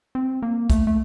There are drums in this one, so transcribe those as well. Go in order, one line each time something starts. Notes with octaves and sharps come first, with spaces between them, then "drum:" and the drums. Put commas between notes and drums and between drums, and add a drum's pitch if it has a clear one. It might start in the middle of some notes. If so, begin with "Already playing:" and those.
C4
A#3
A3, drum: kick, hi-hat
A3